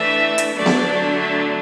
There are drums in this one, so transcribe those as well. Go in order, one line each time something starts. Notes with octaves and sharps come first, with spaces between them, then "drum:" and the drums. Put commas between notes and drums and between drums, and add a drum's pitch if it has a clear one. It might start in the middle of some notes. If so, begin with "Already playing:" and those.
Already playing: E3 A3 D4 E5
drum: hi-hat
D3 F#3 A3 D4 D5
drum: snare B3
E5